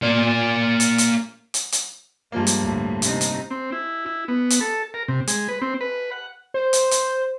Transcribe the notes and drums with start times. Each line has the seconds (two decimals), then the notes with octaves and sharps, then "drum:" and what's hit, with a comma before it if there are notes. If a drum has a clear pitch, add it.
0.02 A#3 D5
0.80 drum: hi-hat
0.98 drum: hi-hat
1.54 drum: hi-hat
1.72 drum: hi-hat
2.32 G2 F3 G#3 A#3
2.47 drum: hi-hat
2.62 D2 A2
3.02 C3 D#4, drum: hi-hat
3.21 drum: hi-hat
3.51 C4
3.72 E4
4.06 E4
4.28 B3
4.50 drum: hi-hat
4.61 A4
4.94 A#4
5.08 C3
5.27 G#3, drum: hi-hat
5.49 B4
5.62 C4
5.81 B4
6.11 F#5
6.54 C5
6.73 drum: hi-hat
6.91 drum: hi-hat